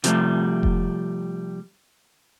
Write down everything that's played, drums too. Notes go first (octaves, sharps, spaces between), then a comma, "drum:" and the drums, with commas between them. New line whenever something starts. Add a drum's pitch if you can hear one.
C3 F3 G3 A3, drum: hi-hat
drum: kick E1